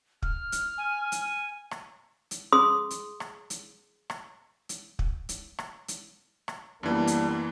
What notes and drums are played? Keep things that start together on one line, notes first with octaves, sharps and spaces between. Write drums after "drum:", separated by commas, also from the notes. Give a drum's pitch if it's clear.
F6, drum: kick
drum: hi-hat
G#5
drum: hi-hat
drum: rim click
drum: hi-hat
G#4 C6 D#6
drum: hi-hat
drum: rim click
drum: hi-hat
drum: rim click
drum: hi-hat
drum: kick
drum: hi-hat
drum: rim click
drum: hi-hat
drum: rim click
F#2 E3 G3 A#3 B3 D4
drum: hi-hat